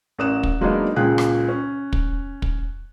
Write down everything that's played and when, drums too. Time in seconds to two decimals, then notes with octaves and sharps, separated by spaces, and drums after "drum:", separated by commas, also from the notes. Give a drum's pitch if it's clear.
0.18 A1 A#4 D5 D#6 F#6 E7
0.43 drum: kick
0.61 F#3 G#3 A#3 B3 D4 D#4
0.96 C#2 A#2 G#3 G#4 G5 F#6
1.18 drum: rim click
1.48 C#4
1.93 drum: kick
2.42 drum: kick